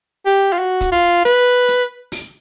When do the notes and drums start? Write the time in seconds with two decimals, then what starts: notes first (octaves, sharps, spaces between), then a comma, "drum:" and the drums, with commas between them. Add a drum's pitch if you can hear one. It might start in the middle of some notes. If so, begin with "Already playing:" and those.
0.26 G4
0.53 F4
0.59 F#4
0.81 drum: kick, hi-hat
0.92 F4
1.25 B4, drum: hi-hat
1.68 drum: hi-hat
2.12 drum: open hi-hat